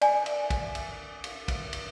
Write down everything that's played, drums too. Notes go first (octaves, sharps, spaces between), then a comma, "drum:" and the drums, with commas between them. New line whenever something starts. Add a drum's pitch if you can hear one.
D5 G#5, drum: cymbal
drum: cymbal
drum: kick, cymbal
drum: cymbal
drum: cymbal
drum: kick, cymbal
drum: cymbal